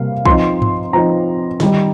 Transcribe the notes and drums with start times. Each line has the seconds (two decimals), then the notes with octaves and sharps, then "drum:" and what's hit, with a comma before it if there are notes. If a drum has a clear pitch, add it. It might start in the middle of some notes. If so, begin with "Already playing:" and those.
Already playing: C3 G3 A#3 F5
0.25 F3 C4 D#4 C6, drum: kick B1
0.62 drum: tom G2
0.93 F3 C4 D#4 A#5
1.60 D#3 G3 D#4, drum: snare